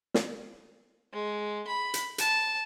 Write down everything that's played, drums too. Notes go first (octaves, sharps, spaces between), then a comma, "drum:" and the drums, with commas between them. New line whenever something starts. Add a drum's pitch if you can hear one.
drum: snare
G#3
B5
drum: hi-hat
A5, drum: hi-hat